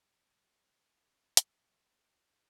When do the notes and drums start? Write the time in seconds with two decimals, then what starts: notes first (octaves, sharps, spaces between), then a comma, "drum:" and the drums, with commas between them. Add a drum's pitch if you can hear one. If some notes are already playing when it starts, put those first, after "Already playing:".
0.22 C3
0.34 G3
0.60 F6
0.86 E5
1.07 C4
1.37 G3, drum: hi-hat
1.53 B6
1.69 G3
1.84 B5
1.98 G#4
2.15 D2
2.32 G#4